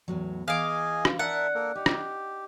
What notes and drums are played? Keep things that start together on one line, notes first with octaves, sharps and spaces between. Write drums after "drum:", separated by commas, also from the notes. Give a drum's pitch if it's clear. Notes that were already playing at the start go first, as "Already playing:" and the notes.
E2 A2 F#3
E3 G#4 D#5 F5 G#5 D6
drum: rim click
D4 A#4 D5 E5 F#5 A5
A#3 A4 A#4
D#4 G4
drum: rim click